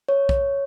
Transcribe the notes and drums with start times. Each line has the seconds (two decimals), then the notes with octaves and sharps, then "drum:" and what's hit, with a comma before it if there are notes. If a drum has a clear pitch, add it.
0.09 C#5
0.29 drum: kick